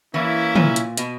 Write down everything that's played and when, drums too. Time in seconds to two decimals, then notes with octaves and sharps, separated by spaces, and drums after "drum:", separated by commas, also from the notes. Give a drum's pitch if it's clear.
0.14 E3 A#3 C#4 E4
0.55 A#2, drum: tom
0.76 drum: hi-hat
0.97 B2, drum: hi-hat